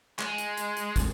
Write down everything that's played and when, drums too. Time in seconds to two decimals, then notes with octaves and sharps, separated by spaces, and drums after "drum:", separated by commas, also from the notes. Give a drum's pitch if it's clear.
0.19 G#3, drum: clap
0.38 drum: hi-hat
0.57 drum: hi-hat
0.77 drum: hi-hat
0.96 drum: kick, hi-hat